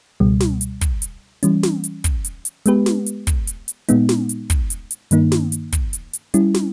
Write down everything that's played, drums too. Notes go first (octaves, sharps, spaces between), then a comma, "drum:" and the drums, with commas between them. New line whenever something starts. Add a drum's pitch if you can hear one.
C#2 B2 G3
drum: snare
drum: hi-hat
drum: kick, hi-hat
drum: hi-hat
E3 G3 C#4, drum: hi-hat
drum: snare
drum: hi-hat
drum: kick, hi-hat
drum: hi-hat
drum: hi-hat
G#3 B3 G4 B4, drum: hi-hat
drum: snare
drum: hi-hat
drum: kick, hi-hat
drum: hi-hat
drum: hi-hat
A#2 G#3 B3 D#4, drum: hi-hat
drum: snare
drum: hi-hat
drum: kick, hi-hat
drum: hi-hat
drum: hi-hat
G2 D#3 A#3 D#4, drum: hi-hat
drum: snare
drum: hi-hat
drum: kick, hi-hat
drum: hi-hat
drum: hi-hat
G3 C#4 E4, drum: hi-hat
drum: snare